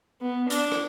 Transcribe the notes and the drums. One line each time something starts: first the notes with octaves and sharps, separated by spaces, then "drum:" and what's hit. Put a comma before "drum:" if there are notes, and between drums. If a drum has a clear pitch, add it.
B3
D4, drum: hi-hat
drum: rim click